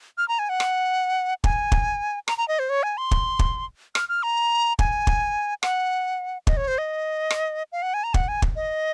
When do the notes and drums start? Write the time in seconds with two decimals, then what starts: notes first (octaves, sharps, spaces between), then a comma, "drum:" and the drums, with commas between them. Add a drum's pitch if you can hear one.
0.18 F6
0.28 A#5
0.39 G#5
0.49 F#5
0.60 drum: rim click
1.44 G#5, drum: kick
1.72 drum: kick
2.28 A#5, drum: rim click
2.38 A#5
2.48 D#5
2.59 C5
2.69 C#5
2.83 G#5
2.97 C6
3.11 drum: kick
3.39 drum: kick
3.95 F6, drum: rim click
4.09 F6
4.23 A#5
4.79 G#5, drum: kick
5.07 drum: kick
5.63 F#5, drum: rim click
6.47 D#5, drum: kick
6.57 C#5
6.68 C5
6.78 D#5
7.30 drum: rim click
7.72 F5
7.82 F#5
7.94 G#5
8.04 A#5
8.14 F#5, drum: kick
8.28 G#5
8.42 drum: kick
8.56 D#5